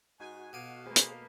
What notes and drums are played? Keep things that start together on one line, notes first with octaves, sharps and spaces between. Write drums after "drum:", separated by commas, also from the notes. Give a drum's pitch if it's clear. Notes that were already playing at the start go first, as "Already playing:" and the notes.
G#2 D#4 F#4 G#5
B2 A4 D#5 F5 G#5 D6
A#3 G#4 B4 C5
drum: hi-hat